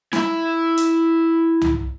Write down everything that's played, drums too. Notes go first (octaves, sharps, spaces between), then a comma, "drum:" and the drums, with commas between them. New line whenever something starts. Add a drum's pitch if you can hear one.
E4 E5, drum: snare
drum: hi-hat
drum: tom C2